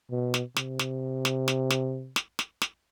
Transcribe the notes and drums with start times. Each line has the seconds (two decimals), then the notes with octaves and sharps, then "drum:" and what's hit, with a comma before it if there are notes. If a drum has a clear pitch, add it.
0.11 B2
0.34 drum: snare
0.56 C3, drum: snare
0.79 drum: snare
1.25 drum: snare
1.48 drum: snare
1.70 drum: snare
2.16 drum: snare
2.39 drum: snare
2.62 drum: snare